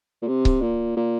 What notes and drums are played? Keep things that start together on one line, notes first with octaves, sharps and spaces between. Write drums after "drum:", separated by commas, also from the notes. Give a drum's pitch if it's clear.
A#2
C3
drum: kick C#1
A#2
A#2